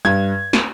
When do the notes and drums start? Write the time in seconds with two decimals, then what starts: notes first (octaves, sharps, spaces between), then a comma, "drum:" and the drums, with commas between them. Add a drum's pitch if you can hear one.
0.05 G2 G#6
0.53 drum: snare